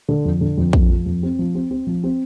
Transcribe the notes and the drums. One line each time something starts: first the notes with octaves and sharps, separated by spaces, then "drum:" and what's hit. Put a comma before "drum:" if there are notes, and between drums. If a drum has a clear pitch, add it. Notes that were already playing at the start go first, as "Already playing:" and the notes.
D3
F2
D3
F2
F2, drum: kick A#1
F3
F2
C4
F3
C4
C4
F3
C4